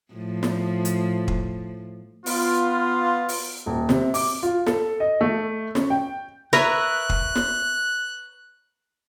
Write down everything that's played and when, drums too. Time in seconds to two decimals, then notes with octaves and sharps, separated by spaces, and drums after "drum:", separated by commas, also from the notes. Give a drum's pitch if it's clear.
0.13 A2 F3
0.43 drum: snare
0.85 drum: hi-hat
1.28 drum: kick
2.26 B3 F4, drum: open hi-hat
3.29 drum: open hi-hat
3.66 D#1
3.89 C3, drum: snare
4.14 D6, drum: open hi-hat
4.43 F4
4.66 A4, drum: snare
5.00 D#5
5.21 A3
5.75 C#4, drum: snare
5.90 G5
6.53 A#4 B4 C#5 E5 F#6, drum: snare
7.10 drum: kick
7.35 drum: snare